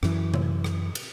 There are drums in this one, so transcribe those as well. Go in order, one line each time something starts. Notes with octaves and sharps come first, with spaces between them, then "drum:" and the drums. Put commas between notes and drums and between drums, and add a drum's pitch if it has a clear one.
F#2 E3, drum: rim click
drum: tom C3
drum: rim click
drum: cymbal